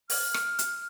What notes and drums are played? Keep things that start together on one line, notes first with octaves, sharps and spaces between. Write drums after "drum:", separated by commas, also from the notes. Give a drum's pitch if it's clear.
F6, drum: open hi-hat
drum: rim click
drum: hi-hat